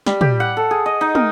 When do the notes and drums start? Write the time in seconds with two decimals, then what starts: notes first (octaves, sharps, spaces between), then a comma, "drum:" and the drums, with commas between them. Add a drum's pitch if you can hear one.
0.06 G3, drum: snare
0.21 G4, drum: tom
0.40 F#5
0.57 A4
0.71 G#4
0.86 D#5
1.01 D#4
1.15 A#4, drum: tom